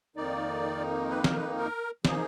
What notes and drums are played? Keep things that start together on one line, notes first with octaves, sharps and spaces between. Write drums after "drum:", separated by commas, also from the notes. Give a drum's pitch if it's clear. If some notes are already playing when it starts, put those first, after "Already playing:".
F2 D#3 A#3 D#4 D5
B4
A#4, drum: snare
B4
A#4
F3 A#3 D#4 G#4, drum: snare